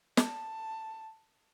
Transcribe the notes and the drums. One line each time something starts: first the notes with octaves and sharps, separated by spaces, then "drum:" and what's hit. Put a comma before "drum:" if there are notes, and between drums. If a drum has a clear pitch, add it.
A5, drum: snare